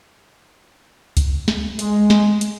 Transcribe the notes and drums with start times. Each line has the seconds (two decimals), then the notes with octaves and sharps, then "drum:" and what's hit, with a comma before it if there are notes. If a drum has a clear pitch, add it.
1.17 drum: kick C#2, hi-hat
1.48 drum: snare
1.79 G#3, drum: hi-hat
2.10 drum: snare
2.41 drum: hi-hat